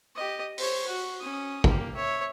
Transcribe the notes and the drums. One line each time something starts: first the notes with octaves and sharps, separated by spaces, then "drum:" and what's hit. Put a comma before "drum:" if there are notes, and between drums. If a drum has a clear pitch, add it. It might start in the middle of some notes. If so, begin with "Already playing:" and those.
G4 D#5
C5 C#5, drum: open hi-hat
F#4
C#4 D#6
A#3 G4, drum: kick
C#5 E5